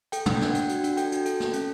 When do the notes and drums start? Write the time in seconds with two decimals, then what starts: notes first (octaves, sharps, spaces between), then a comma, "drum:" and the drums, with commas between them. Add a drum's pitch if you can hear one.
0.12 A4 G5, drum: hi-hat
0.26 D4 F#5, drum: tom
0.35 G5
0.41 D4 F#5, drum: snare
0.55 D4, drum: hi-hat
0.69 F#4, drum: hi-hat
0.84 D4, drum: hi-hat
0.97 A4 G5, drum: hi-hat
1.12 F#4, drum: hi-hat
1.26 A4, drum: hi-hat
1.40 A4, drum: snare
1.53 C#4, drum: hi-hat